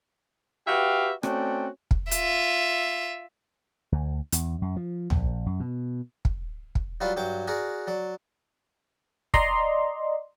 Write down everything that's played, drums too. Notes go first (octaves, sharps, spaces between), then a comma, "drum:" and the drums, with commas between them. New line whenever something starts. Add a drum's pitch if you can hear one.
F#4 G4 B4 E5 F5 G5
A3 C4 C#4 F#4 D5 G5, drum: rim click
drum: kick
F4 E5, drum: hi-hat
D2
E2, drum: hi-hat
F#2
F3
A#1, drum: tom
F#2
B2
drum: kick
drum: kick
F#3 G3 F4 B4 D5
G2 F#3 G5 D6
F#4 G#4 A#4 D5
F#3 D5
D5 D#5 A#5 C6, drum: kick